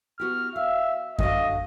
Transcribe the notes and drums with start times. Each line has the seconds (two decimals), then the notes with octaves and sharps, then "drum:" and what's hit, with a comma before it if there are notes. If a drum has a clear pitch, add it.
0.20 B3 F#4 G4 F6
0.56 E5 F5
1.19 D3 F#4 D#5 F5, drum: kick F#2